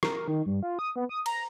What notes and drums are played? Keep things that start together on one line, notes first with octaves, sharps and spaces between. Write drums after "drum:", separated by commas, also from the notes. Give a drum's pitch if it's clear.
A#4, drum: rim click
D#3
G2
F4
D#6
B3
D#6
A#5, drum: cymbal